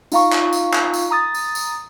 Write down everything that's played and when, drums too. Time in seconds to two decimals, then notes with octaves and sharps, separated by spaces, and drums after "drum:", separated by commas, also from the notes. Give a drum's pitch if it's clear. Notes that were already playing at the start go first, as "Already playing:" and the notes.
0.12 D#4 F4 F5 A#5 C#6, drum: tambourine
0.32 drum: clap
0.53 drum: tambourine
0.73 drum: clap
0.94 drum: tambourine
1.11 A#5 D#6 A6
1.35 drum: tambourine
1.55 drum: tambourine